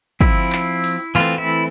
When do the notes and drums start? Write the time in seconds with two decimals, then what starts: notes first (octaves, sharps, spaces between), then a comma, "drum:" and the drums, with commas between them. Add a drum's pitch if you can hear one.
0.21 F3 C4 E4, drum: kick, hi-hat
0.52 drum: clap
0.84 drum: open hi-hat
1.15 E3 A3 C4 F4, drum: open hi-hat
1.38 E4